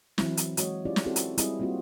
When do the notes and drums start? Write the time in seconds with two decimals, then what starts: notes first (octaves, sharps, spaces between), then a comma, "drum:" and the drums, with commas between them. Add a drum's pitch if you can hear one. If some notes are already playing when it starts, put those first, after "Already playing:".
0.18 E3 F#3 C4 E4, drum: snare
0.37 drum: hi-hat
0.57 G#3 F#4 C#5 D#5, drum: hi-hat
0.85 C#4 E4 F4 G4 G#4 D5
0.96 drum: snare
1.05 C4 E4 F#4 G4 A4
1.16 drum: hi-hat
1.38 G3 C4 E4 G#4 D#5, drum: hi-hat
1.60 G3 A#3 C4 F4 F#4